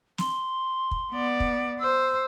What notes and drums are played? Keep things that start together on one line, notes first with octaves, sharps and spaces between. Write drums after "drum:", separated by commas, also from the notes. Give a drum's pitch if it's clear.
C6, drum: snare
drum: kick
B3 D5
drum: kick
C5 E6